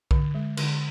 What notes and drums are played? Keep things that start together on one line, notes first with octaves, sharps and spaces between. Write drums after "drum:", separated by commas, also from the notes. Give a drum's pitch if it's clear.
D3, drum: kick B1
G#3
D3, drum: cymbal